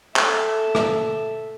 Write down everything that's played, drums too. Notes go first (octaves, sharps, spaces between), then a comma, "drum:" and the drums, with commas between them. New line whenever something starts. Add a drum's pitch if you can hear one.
A4 E5, drum: clap
drum: rim click